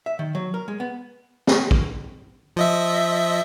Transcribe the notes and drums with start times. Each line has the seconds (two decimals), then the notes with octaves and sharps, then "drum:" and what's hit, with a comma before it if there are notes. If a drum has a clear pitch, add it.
0.06 E5
0.19 D#3
0.35 F#3
0.54 A#4
0.68 G#3
0.80 B3
1.47 drum: snare
1.71 drum: kick
2.56 F3 D#5 E5